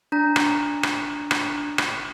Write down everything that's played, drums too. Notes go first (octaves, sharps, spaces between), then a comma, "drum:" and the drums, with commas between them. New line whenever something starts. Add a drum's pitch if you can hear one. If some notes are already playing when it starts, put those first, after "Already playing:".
D4 A#5
drum: rim click
drum: rim click
drum: rim click
drum: rim click